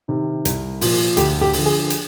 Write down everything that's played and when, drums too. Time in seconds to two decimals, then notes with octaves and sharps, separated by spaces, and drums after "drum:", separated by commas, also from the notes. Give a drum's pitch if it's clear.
0.08 C3 D#3
0.45 C2, drum: hi-hat
0.81 A#2 F3, drum: open hi-hat
1.17 D2 G4, drum: hi-hat
1.41 G4
1.53 D3, drum: open hi-hat
1.59 F3
1.66 G#4
1.90 drum: hi-hat